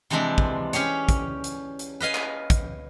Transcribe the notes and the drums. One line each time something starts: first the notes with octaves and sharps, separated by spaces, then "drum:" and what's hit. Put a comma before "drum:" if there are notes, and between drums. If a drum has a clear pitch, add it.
C3 E3 F3 G#3 C4 D4
drum: kick
C#4 G4 G#4 C#5, drum: hi-hat
drum: kick, hi-hat
drum: hi-hat
drum: hi-hat
B4 D#5 F5 G#5
drum: clap
drum: kick, hi-hat